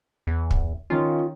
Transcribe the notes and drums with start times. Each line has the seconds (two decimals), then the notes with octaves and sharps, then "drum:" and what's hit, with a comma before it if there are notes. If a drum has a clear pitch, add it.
0.27 E2
0.51 drum: kick
0.90 D#3 C#4 F4